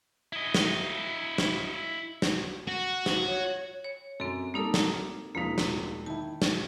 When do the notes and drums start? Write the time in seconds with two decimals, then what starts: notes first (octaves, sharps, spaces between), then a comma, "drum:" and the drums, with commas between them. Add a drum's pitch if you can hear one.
0.33 E4 D#5
0.55 drum: snare
1.38 drum: snare
2.22 drum: snare
2.68 F#4
3.06 drum: snare
3.27 C#5
3.84 C#5
4.20 F#2 C4 A4
4.54 G3 A#3 D#4 A4 A#4
4.74 drum: snare
5.35 E1 F3 A#3 D#4 B6
5.58 drum: snare
6.06 D#3 E4 A5
6.42 drum: snare